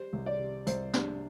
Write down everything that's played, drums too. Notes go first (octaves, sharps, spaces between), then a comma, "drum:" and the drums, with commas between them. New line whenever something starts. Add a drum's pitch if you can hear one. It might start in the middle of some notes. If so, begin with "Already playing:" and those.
Already playing: G3 C5
C2
D5
C3
C2 C5, drum: hi-hat
G3 D4, drum: snare